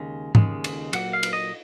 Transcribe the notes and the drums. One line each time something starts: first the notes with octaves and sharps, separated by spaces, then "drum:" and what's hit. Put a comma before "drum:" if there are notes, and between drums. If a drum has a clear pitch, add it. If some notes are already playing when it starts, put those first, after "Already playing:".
Already playing: D#2 C#3 G#3
D#2 C#3 G#3, drum: tom G#2
drum: cymbal
A#2 F#3 A#3 F#5, drum: cymbal
F5
drum: cymbal
D#5